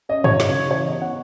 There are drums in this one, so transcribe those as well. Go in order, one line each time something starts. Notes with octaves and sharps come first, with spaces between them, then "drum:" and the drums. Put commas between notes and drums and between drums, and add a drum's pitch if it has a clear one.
C#4 D#5
F#3 C#5, drum: tom G2
C#3, drum: snare
C#3
E3 C#5
B3 D#5
B3 F#5